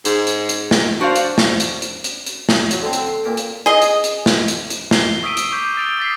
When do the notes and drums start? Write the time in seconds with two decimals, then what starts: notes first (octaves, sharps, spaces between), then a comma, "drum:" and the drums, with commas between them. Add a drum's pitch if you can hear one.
0.05 G#2, drum: hi-hat
0.27 drum: hi-hat
0.49 drum: hi-hat
0.71 drum: snare
1.00 D4 F#4 C5 D5 F5
1.16 drum: hi-hat
1.38 drum: snare
1.60 drum: hi-hat
1.82 drum: hi-hat
2.04 drum: hi-hat
2.26 drum: hi-hat
2.49 drum: snare
2.71 F#3, drum: hi-hat
2.82 D3 C4 A4
2.93 drum: hi-hat
3.06 C6
3.24 A#2 A#3 G5
3.37 drum: hi-hat
3.66 G#4 D#5
3.82 drum: hi-hat
4.04 drum: hi-hat
4.26 drum: snare
4.48 drum: hi-hat
4.70 drum: hi-hat
4.91 C7 G7, drum: snare
5.23 C#6 D#6 E6 B6 D7 D#7
5.37 drum: hi-hat
5.51 C#6 D6 G6 B6 G7
5.77 A6 B6 D7 F7 G7
5.99 D#6 A6 B6 C7